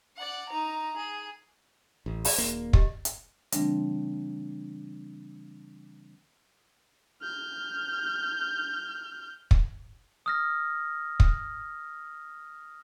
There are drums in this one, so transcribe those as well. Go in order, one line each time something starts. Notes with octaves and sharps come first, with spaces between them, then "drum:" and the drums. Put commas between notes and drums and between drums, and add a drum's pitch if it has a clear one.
D5 F#5
D#4 A#5
G#4
A1
F#4 G#4 D5, drum: open hi-hat
D#1 A#3
G4 D#5, drum: kick
drum: hi-hat
C#3 E3 G3 A3 C4 D4, drum: hi-hat
F6 G6
drum: kick
D#6 F6 A#6
drum: kick